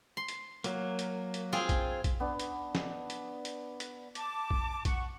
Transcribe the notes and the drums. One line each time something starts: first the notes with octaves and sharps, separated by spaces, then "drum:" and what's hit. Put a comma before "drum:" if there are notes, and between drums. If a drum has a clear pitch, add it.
C6
drum: hi-hat
F#3 A#3, drum: hi-hat
drum: hi-hat
drum: hi-hat
C4 F4 G#4
drum: kick A#1, hi-hat
drum: kick A#1, hi-hat
B3 D4
drum: hi-hat
drum: snare
drum: hi-hat
drum: hi-hat
drum: hi-hat
A5 D6, drum: hi-hat
drum: kick A#1
F#5 C#6, drum: kick A#1, hi-hat